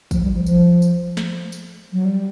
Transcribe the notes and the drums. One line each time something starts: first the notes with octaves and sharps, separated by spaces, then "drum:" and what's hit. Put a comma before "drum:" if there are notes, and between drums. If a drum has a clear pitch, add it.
F3, drum: kick, tambourine
G3
F3
F3, drum: tambourine
drum: tambourine
drum: snare
drum: tambourine
F#3
G3